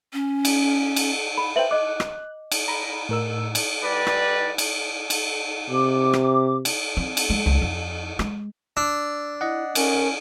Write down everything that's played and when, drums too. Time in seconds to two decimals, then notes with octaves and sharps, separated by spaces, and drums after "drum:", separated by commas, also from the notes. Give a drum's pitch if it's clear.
0.13 C#4
0.45 drum: cymbal
0.96 drum: cymbal
1.38 B5
1.56 B4 C5 E5 G5 F#7
1.71 D#5 D6 F#6
2.00 drum: rim click
2.52 drum: cymbal
2.68 A#5 B5
3.09 A2 A#4 E6
3.55 drum: cymbal
3.83 G3 B4 D5
4.07 drum: rim click
4.58 drum: cymbal
5.10 drum: cymbal
5.70 C3 D6
6.13 drum: rim click
6.65 drum: cymbal
6.97 C4
7.17 drum: cymbal
7.30 G#3
7.46 C#2
7.62 F2
8.19 G#3, drum: rim click
8.77 D4 E6
9.41 E4 D#5 F#5
9.75 C#4 A#4, drum: cymbal